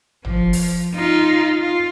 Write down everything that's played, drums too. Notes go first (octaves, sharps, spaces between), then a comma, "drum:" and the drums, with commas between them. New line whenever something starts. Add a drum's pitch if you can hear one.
F3, drum: tom
drum: open hi-hat
D#4 F4
F4